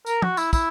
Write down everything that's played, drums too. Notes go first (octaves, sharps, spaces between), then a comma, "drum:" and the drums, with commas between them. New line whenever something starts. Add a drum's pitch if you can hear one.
A#4, drum: tambourine
F#4, drum: tom
E4, drum: tambourine
E4, drum: kick, tambourine